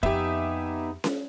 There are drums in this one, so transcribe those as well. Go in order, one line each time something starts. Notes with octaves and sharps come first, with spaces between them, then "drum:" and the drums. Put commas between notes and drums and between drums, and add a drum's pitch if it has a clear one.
F2 B3 D#4 G4 G#4 E5, drum: kick E1
drum: snare C#4